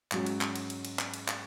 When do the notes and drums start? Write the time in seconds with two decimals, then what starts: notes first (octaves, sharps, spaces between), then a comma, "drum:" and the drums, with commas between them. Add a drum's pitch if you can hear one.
0.12 G#2 F#3 C#4, drum: clap
0.26 drum: cymbal
0.41 drum: clap
0.56 drum: cymbal
0.70 drum: cymbal
0.85 drum: cymbal
0.99 drum: clap
1.14 drum: cymbal
1.28 drum: clap